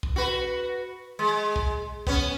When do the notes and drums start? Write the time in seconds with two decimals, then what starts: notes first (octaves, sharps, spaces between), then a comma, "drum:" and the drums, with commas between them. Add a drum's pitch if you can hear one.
0.03 drum: kick B1
0.16 F#4 B4
1.19 G#3
1.56 drum: kick B1
2.07 B3 C#4, drum: kick B1